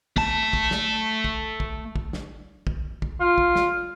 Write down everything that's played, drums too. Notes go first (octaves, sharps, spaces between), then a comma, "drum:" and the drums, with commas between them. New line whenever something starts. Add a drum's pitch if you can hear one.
A3 A5, drum: kick
drum: kick
drum: snare
drum: kick
drum: kick
drum: kick
drum: snare
drum: kick
drum: kick
F4
drum: kick
drum: snare